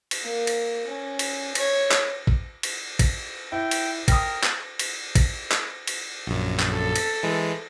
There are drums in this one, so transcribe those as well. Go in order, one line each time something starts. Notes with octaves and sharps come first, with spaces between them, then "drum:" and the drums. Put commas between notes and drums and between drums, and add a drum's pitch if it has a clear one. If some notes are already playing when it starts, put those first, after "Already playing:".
drum: cymbal
A#3
drum: cymbal
C#4
drum: cymbal
C#5, drum: cymbal
drum: clap
drum: kick
drum: cymbal
drum: kick, cymbal
E4 G5
drum: cymbal
A#4 G5 D#6, drum: kick, cymbal
drum: clap
drum: cymbal
drum: kick, cymbal
drum: clap
drum: cymbal
A#1 F#2
drum: clap
A4
drum: cymbal
E3 G#3